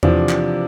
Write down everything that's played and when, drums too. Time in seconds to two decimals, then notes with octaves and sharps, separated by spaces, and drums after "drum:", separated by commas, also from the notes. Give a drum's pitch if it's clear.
0.03 E2 C3 F3 D4, drum: tom E2
0.29 drum: clap